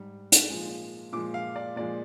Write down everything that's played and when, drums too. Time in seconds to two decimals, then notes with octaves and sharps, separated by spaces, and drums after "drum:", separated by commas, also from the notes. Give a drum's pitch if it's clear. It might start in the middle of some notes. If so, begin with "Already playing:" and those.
Already playing: G#2 G3
0.32 drum: hi-hat
0.49 A#2 F3 G#3
1.12 A#2 F3 G#3 D6
1.34 F5
1.56 D5
1.76 A#2 F3 G#3 D5